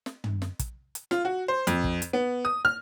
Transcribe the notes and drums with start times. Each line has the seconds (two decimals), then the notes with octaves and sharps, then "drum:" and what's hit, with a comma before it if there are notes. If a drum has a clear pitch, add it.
0.06 drum: snare
0.24 drum: tom
0.42 drum: snare
0.59 drum: kick, hi-hat
0.95 drum: hi-hat
1.11 F4, drum: snare
1.25 F#4
1.48 C5
1.67 F2, drum: hi-hat
1.84 drum: kick
2.02 drum: hi-hat
2.13 B3
2.45 D#6
2.65 F6